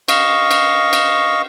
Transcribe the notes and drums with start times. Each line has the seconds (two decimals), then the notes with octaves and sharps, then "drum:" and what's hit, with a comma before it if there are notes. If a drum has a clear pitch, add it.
0.08 D#5 F5 C#6, drum: cymbal
0.51 drum: cymbal
0.93 drum: cymbal